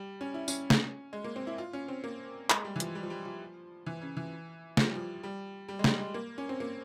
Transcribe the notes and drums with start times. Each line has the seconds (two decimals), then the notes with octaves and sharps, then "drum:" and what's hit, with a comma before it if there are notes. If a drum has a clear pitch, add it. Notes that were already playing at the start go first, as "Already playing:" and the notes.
Already playing: G3
0.21 C#4
0.34 E4
0.48 C#4, drum: tambourine
0.70 drum: snare
1.13 G#3
1.24 A#3
1.36 C4
1.47 E4
1.58 F4
1.73 C#4
1.88 C4
2.04 A#3
2.50 G#3, drum: clap
2.65 G3
2.76 E3
2.80 F3, drum: hi-hat
2.95 G3
3.03 F3
3.10 G3
3.25 F3
3.86 E3
4.02 C#3
4.17 E3
4.77 F3, drum: snare
4.86 G3
4.95 F3
5.23 G3
5.68 G3
5.79 G#3
5.84 G3, drum: snare
5.99 G#3
6.14 A#3
6.38 C#4
6.49 C4
6.60 A#3